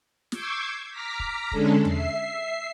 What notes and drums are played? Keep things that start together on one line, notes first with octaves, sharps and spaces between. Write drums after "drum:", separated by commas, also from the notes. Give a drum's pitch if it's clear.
C#6 D6 E6 G6 G#6 C7, drum: snare
A#5 D6 F6 A#6 B6
drum: kick
D3 G#3 C#4 D4 A4, drum: kick
E5 C7, drum: tom E2